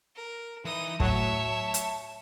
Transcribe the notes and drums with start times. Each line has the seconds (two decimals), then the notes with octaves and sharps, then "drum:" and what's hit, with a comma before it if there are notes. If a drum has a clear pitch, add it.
0.15 A#4
0.65 E3 D#4 D#6
1.00 A2 F#3 C#5 E5 A5, drum: kick
1.74 drum: hi-hat